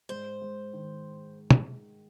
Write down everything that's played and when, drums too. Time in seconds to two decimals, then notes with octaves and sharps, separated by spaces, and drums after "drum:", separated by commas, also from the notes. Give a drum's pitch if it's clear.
0.09 G#2 C5
0.42 G#2
0.73 D#3
1.51 drum: tom